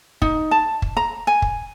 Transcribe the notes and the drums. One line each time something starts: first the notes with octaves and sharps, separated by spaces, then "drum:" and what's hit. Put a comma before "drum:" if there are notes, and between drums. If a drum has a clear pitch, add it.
D#4, drum: kick
A5
drum: kick
A#5
G#5
drum: kick